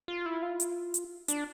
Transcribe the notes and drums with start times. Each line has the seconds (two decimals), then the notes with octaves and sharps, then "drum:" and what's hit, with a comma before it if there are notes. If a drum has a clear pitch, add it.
0.08 F4
0.26 E4
0.42 F4
0.60 drum: hi-hat
0.94 drum: hi-hat
1.28 D4, drum: hi-hat